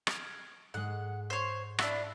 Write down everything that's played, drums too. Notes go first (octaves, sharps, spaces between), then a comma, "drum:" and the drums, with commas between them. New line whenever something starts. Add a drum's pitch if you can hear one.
F6 G#6 D7, drum: rim click
G#2 G#3 F#5
C5 C#5
D4 E4 F#4, drum: rim click